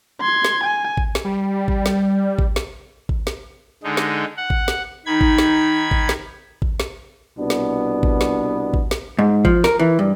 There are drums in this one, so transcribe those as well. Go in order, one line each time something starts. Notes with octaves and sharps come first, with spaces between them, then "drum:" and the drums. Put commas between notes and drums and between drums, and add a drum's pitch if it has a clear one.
C6 G#6
drum: snare
G#5
drum: kick G#1
drum: snare
G3
drum: kick G#1
drum: snare
drum: kick G#1
drum: snare
drum: kick G#1
drum: snare
D3 G#3 D#4
drum: snare
F#5
drum: kick G#1
drum: snare
D#3 D#4 B5 G#6
drum: kick G#1
drum: snare
drum: kick G#1
drum: snare
drum: kick G#1
drum: snare
C2 B2 B3 D4
drum: snare
drum: kick G#1
drum: snare
drum: kick G#1
drum: snare
G#2
F3, drum: kick G#1
A#4, drum: snare
E3
G2